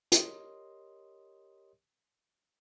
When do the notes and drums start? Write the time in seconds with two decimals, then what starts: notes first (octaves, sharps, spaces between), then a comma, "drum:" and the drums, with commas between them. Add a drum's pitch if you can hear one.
0.12 G4 A#4 C#5 D#5 C6 D#6, drum: hi-hat